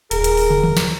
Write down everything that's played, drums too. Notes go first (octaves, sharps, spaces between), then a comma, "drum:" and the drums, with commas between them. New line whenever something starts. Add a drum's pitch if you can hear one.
D#1 G#4 A#4, drum: hi-hat
drum: hi-hat
drum: open hi-hat
drum: tom
drum: tom D#3
drum: snare